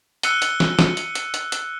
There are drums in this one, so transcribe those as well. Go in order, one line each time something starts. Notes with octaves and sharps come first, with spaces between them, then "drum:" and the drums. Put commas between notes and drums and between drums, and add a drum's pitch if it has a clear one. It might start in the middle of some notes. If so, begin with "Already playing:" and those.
E6 F#6 C#7 D#7 G7, drum: hi-hat
drum: hi-hat
drum: snare
drum: snare
drum: hi-hat
drum: hi-hat
drum: hi-hat
drum: hi-hat